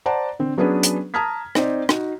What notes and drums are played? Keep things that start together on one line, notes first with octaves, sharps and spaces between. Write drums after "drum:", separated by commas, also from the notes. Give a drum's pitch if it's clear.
C5 D5 F#5 A5 A#5
D3 C4
F#3 B3 C#4 D4 G#4 B4
drum: hi-hat
A5 A#5 D#6 F6 G#6 B6
C4 D#4 C5 D5, drum: rim click
D#4 F#4, drum: rim click